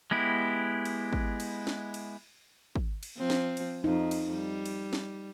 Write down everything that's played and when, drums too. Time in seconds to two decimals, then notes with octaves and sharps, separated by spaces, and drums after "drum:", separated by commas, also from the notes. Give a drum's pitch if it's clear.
0.11 G#3 B3 E4 G4
0.85 drum: cymbal
1.13 drum: kick
1.40 drum: cymbal
1.67 drum: snare
1.94 drum: cymbal
2.75 drum: kick
3.03 drum: cymbal
3.18 F3 C4
3.30 drum: snare
3.57 drum: cymbal
3.84 F2 D#4
4.11 drum: cymbal
4.33 G3
4.66 drum: cymbal
4.93 drum: snare